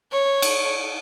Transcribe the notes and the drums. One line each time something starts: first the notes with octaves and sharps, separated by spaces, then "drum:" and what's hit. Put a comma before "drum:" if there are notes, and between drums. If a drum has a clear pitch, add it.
C#5
drum: cymbal